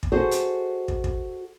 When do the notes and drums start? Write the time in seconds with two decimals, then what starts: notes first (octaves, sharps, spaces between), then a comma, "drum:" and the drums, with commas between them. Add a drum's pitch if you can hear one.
0.03 drum: kick
0.12 F#4 G#4 A4 C5 D#5
0.31 drum: hi-hat
0.88 drum: kick
1.04 drum: kick